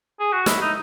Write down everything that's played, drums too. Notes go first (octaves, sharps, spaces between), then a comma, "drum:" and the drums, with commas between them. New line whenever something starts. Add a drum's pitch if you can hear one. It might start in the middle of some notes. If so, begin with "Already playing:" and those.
G#4
F#4
E4, drum: snare
D#4